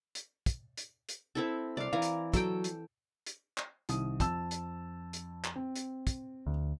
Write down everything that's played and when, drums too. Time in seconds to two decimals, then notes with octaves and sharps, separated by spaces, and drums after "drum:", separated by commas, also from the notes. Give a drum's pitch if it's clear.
0.15 drum: hi-hat
0.46 drum: kick, hi-hat
0.77 drum: hi-hat
1.09 drum: hi-hat
1.35 C4 E4 A4
1.77 C2 D5 F5
1.93 E3 F5 A#5
2.02 drum: hi-hat
2.34 F#3 A4 G5, drum: kick, hi-hat
2.64 drum: hi-hat
3.27 drum: hi-hat
3.58 drum: clap
3.89 C2 D#3 D#6, drum: hi-hat
4.20 F2 A5 E6, drum: kick, hi-hat
4.51 drum: hi-hat
5.13 drum: hi-hat
5.44 drum: clap
5.56 C4
5.76 drum: hi-hat
6.07 drum: kick, hi-hat
6.47 D2